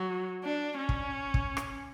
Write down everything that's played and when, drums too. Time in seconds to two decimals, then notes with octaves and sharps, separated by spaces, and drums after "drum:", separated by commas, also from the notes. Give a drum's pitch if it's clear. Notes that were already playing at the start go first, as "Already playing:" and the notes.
Already playing: F#3
0.44 D4
0.78 C#4
0.89 drum: kick
1.34 drum: kick
1.57 drum: rim click